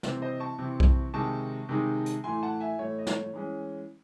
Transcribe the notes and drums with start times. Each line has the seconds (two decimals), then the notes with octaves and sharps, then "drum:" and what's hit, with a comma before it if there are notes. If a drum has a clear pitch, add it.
0.03 C3 E3 C4, drum: snare
0.22 C5 D#5
0.40 A5 C#6
0.58 C3 E3 C4
0.80 drum: kick B1
1.13 C3 D#3 G#3 D#4 A5 C#6
1.69 C3 D#3 G#3 D#4
2.06 drum: hi-hat
2.24 A2 E3 A3 G#5 C6
2.43 F#5 A5
2.60 E5 G#5
2.79 A2 E3 A3 C#5
2.98 D#5
3.07 C#5, drum: snare
3.34 E3 G#3 C#4